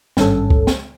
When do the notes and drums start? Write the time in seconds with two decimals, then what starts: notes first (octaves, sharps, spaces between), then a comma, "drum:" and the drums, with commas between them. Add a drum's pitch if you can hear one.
0.17 G#1 G2 C#4 A4, drum: snare
0.50 drum: kick C#2
0.67 drum: snare